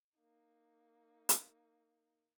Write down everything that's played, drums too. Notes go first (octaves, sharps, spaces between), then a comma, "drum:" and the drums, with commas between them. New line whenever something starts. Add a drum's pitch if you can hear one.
A#3 D#4
drum: hi-hat